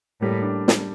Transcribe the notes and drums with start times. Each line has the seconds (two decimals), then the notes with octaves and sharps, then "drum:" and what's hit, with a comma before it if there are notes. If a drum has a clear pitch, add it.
0.21 A2 G3 A#3
0.42 D4
0.68 drum: snare